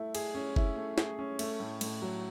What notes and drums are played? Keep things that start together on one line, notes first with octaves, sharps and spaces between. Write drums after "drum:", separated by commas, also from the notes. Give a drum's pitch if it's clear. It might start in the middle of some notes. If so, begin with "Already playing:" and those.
Already playing: A3 E4
G#4, drum: cymbal
C#4
E4, drum: kick F#1
A3
G#4, drum: snare
C#4
A3, drum: cymbal
A2
A2, drum: cymbal
F#3